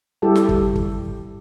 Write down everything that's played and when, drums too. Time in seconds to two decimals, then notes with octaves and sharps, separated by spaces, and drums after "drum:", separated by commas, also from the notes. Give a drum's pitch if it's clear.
0.22 G3 E4 G4 A4 A5
0.36 drum: snare
0.49 drum: kick
0.75 drum: kick